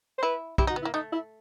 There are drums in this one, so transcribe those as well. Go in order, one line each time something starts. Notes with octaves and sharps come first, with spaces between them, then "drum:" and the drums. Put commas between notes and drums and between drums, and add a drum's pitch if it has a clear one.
C5
E4 B4
E4 G4, drum: kick
D#4 F#4
B3
E4
A#3
A3 D#4
E4